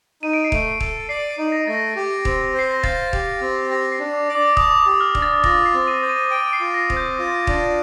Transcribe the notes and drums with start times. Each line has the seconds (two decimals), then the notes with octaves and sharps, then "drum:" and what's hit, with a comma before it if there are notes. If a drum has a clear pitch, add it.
0.22 D#4 D#7
0.33 D7
0.44 C7
0.52 A3 D7, drum: kick D#1
0.80 A4, drum: kick D#1
1.09 D5 C7
1.30 C7
1.38 D#4
1.52 A#6
1.67 A3 A6
1.74 A#6
1.96 G4
2.25 C4, drum: kick D#1
2.54 C5 C7
2.71 A#6
2.83 F5 A6, drum: kick D#1
3.13 G4, drum: kick D#1
3.41 C4
3.70 G4 A#6
3.84 A#6
3.92 C7
4.00 D4
4.13 D6
4.28 D5
4.35 D6
4.57 A5 D#6, drum: kick D#1
4.70 D6
4.80 D#6
4.86 G4
5.00 F6
5.15 D4, drum: kick D#1
5.22 A6
5.44 F4 A#6, drum: kick D#1
5.66 C7
5.74 C4
5.88 D#7
6.02 C5
6.09 D#7
6.31 G5 D7
6.53 C7
6.60 F4
6.74 A#6
6.90 C4, drum: kick D#1
6.97 G6
7.19 F4
7.47 D4, drum: kick D#1